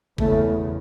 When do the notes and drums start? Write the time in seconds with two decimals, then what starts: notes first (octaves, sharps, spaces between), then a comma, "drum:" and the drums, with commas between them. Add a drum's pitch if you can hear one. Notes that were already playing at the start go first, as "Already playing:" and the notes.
0.18 E2 C#3 A3, drum: kick F#1